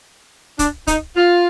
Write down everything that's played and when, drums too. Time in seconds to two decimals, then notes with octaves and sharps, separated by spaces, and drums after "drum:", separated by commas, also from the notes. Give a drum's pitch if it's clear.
0.59 D4, drum: kick, hi-hat
0.87 D#4, drum: kick, hi-hat
1.16 F4